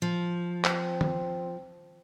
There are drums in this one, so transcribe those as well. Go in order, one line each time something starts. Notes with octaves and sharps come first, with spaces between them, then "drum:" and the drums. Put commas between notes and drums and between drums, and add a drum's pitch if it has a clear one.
F3
C4, drum: clap
drum: tom